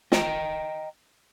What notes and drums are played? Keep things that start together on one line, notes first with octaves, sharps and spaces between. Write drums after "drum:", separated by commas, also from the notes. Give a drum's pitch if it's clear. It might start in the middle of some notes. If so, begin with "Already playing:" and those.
D#5 G5 A#5, drum: snare